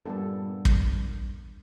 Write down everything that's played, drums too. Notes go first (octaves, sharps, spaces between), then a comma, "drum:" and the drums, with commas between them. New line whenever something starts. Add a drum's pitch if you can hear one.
G2 A#2 G3 B3 A4
drum: kick